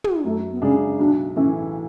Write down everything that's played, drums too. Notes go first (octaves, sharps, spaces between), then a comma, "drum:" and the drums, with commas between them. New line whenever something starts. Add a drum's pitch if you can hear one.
drum: tom
F#2 A3
B3
C#3 G#3 C#4 D4 G#4
B1 D4
A2 E3 A3 C#4 E4